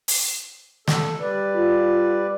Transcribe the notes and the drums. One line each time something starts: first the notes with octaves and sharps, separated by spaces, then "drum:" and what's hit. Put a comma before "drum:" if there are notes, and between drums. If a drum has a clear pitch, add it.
drum: open hi-hat
A4, drum: snare
G3 B4 D5
F4